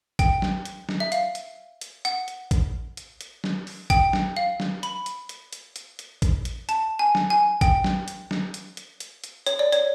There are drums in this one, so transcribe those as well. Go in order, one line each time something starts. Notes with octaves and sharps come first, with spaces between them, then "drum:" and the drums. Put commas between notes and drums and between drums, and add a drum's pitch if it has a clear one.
G5, drum: kick, hi-hat
drum: snare
drum: hi-hat
drum: snare
E5
F5, drum: hi-hat
drum: hi-hat
drum: hi-hat
F#5, drum: hi-hat
drum: hi-hat
drum: kick, hi-hat
drum: hi-hat
drum: hi-hat
drum: snare
drum: open hi-hat
G5, drum: kick, hi-hat
drum: snare
F5
drum: snare
B5, drum: hi-hat
drum: hi-hat
drum: hi-hat
drum: hi-hat
drum: hi-hat
drum: hi-hat
drum: kick, hi-hat
drum: hi-hat
A5, drum: hi-hat
G#5
drum: snare
G#5
G5, drum: kick, hi-hat
drum: snare
drum: hi-hat
drum: snare
drum: hi-hat
drum: hi-hat
drum: hi-hat
drum: hi-hat
C#5, drum: hi-hat
D5
C#5, drum: hi-hat